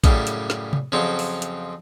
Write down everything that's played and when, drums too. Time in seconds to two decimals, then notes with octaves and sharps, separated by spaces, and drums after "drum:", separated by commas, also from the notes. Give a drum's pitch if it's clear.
0.04 F#2 A2 C#3 G3, drum: kick, hi-hat
0.27 drum: hi-hat
0.50 drum: snare
0.73 drum: tom C3
0.92 F2 C#3 F#3 C4
1.19 drum: open hi-hat
1.42 drum: hi-hat